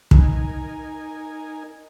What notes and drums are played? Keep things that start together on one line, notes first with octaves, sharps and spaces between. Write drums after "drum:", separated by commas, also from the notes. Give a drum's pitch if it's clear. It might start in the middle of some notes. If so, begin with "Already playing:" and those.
D#4 A#4 G#5, drum: kick